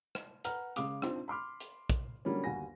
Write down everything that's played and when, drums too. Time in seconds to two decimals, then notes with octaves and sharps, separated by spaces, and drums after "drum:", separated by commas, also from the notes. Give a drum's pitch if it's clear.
0.15 drum: rim click
0.44 B4 F#5 A#5 F6, drum: hi-hat
0.76 C#3 G#3 F5 D6 D#6, drum: hi-hat
1.02 C4 D4 D#4 F4 C5, drum: rim click
1.28 B5 C6 D6 F6
1.60 drum: hi-hat
1.90 drum: kick, hi-hat
2.25 D3 F#3 G3 A#3 C#4
2.44 G1 D#2 F#4 G#5 A#6